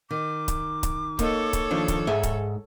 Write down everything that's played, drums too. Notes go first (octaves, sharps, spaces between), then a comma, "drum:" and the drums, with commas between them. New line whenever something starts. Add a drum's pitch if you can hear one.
D#3 D6
drum: kick C#1, hi-hat
drum: kick C#1, hi-hat
A#3 D#4 A4 C#5, drum: kick C#1, hi-hat
drum: kick C#1, hi-hat
D#3 F3 D4
drum: kick C#1, hi-hat
G#2 G#4 E5
drum: kick C#1, hi-hat